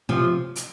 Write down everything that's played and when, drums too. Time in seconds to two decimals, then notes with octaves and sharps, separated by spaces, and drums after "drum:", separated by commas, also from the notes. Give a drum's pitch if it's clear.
0.09 C3 F3
0.56 drum: hi-hat